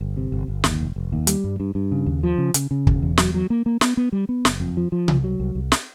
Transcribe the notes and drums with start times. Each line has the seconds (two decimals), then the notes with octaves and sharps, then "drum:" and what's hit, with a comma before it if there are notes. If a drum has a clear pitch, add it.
0.01 G1
0.17 C3
0.32 G1
0.48 G1
0.64 D#2, drum: snare
0.81 F1
0.96 F1
1.12 D#2
1.27 G3, drum: hi-hat
1.44 G2
1.60 G2
1.75 G2
1.92 C#3
2.06 D#2
2.23 F3
2.38 C#3
2.54 C#3, drum: hi-hat
2.71 C#3
2.87 E1, drum: kick
3.02 E2
3.17 F#3, drum: snare
3.34 F#3
3.50 A#3
3.66 A#3
3.81 B3, drum: snare
3.97 B3
4.12 G3
4.29 B3
4.45 F#1, drum: snare
4.60 F2
4.77 F3
4.92 F3
5.08 C2, drum: tom C3
5.24 F#3
5.40 C2
5.55 C2
5.72 drum: snare